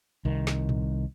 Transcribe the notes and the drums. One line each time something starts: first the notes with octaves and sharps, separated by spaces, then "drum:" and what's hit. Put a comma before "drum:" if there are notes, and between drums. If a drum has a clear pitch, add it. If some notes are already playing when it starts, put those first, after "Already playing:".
C2 D#3
drum: snare
drum: tom A2